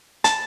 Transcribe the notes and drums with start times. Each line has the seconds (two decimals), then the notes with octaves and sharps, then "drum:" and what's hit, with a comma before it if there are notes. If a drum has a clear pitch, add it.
0.24 A5, drum: hi-hat